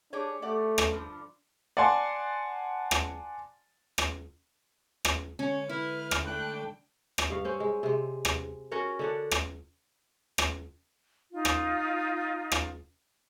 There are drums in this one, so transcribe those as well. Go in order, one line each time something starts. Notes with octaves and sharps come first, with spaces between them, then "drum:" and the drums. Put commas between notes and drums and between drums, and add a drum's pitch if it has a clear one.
D4 G4 G#4 C#5
A3 G4 D5 F#5
drum: rim click
G2 D3 F3
D5 F#5 G#5 A5 C6
drum: rim click
drum: rim click
drum: rim click
D3 G#3 C#4 C#5
E4 B4 F6
drum: rim click
A3 D4 G5 F#6
drum: rim click
G2 F5
C4 C#4 C5
G#3
C3 G#3
drum: rim click
C#4 F#4 A#4 C#5
D3 D4 F#5
drum: rim click
drum: rim click
D#4 F4
drum: rim click
drum: rim click